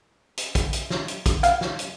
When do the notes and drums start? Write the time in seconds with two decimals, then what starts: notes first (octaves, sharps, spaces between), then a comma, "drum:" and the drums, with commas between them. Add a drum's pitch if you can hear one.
0.37 drum: hi-hat
0.55 drum: kick, hi-hat
0.73 drum: hi-hat
0.90 drum: snare
1.08 drum: hi-hat
1.26 drum: kick, hi-hat
1.43 F5, drum: hi-hat
1.61 drum: snare
1.79 drum: hi-hat